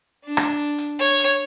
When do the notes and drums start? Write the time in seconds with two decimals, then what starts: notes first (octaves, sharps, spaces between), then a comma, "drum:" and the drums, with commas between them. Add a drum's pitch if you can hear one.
0.25 D4
0.37 drum: rim click
0.78 drum: hi-hat
0.99 C#5
1.20 drum: hi-hat